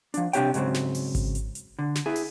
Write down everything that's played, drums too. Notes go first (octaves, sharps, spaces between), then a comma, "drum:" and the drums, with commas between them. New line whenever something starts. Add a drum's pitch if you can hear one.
F3 D4, drum: hi-hat
C2 C3 D4 G4 C#5 G5, drum: hi-hat
G#2 C#3 F#3 C4, drum: hi-hat
drum: snare
drum: open hi-hat
drum: kick G#1, hi-hat
drum: hi-hat
drum: hi-hat
D3
drum: snare
E4 G#4
drum: open hi-hat